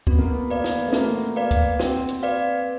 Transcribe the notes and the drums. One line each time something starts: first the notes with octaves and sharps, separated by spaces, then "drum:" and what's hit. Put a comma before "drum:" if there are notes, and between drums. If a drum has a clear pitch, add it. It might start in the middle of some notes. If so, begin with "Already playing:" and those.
B3 F#4, drum: kick
A#3
B3
B4 D5 F5
drum: snare
A3
A#3 F#4, drum: snare
B4 D5 F5
drum: kick, hi-hat
C4 F#4, drum: snare
drum: hi-hat
B4 D5 F5